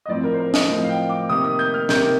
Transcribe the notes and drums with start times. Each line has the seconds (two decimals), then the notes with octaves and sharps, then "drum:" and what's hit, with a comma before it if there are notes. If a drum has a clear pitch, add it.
0.06 D#5
0.08 A2 F3 C4 D5
0.24 A#4
0.34 C5
0.39 A#4
0.54 D#5, drum: snare
0.70 A2 F3 C4
0.83 F5
0.89 G5
1.09 D6
1.29 C3 D#3 A#3 D#6
1.44 D#6
1.59 G6
1.74 F6
1.89 C3 D#3 A#3 G6, drum: snare